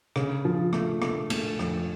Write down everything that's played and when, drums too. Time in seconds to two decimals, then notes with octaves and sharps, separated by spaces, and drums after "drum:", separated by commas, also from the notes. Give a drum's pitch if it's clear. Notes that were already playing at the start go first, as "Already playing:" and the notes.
0.16 C#3, drum: rim click
0.45 F3
0.73 A3, drum: rim click
1.02 A3, drum: rim click
1.30 A3, drum: cymbal
1.59 F2, drum: rim click